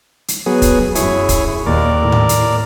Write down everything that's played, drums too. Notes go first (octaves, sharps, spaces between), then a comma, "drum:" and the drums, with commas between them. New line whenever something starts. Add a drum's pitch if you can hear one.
drum: hi-hat
F#3 B3 G#4
drum: kick, hi-hat
F#2 E4 G#4 C#5, drum: hi-hat
drum: kick, hi-hat
D#2 A#2 A#4 D5
A2
drum: tom G#2
drum: hi-hat